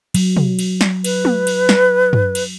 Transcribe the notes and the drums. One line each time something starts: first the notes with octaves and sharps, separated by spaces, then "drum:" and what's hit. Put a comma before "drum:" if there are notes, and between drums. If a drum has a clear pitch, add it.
F#3, drum: cymbal
drum: tom
drum: cymbal
drum: snare
B4, drum: cymbal
drum: tom
drum: cymbal
drum: snare
drum: tom
drum: cymbal